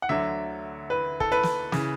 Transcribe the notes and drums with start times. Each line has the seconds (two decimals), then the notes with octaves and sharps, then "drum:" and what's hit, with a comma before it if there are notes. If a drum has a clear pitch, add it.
0.02 F#5
0.09 D2 D3 F#3 E5
0.90 B4
1.20 A4, drum: kick
1.32 B4
1.43 drum: snare
1.72 C#3 E3, drum: snare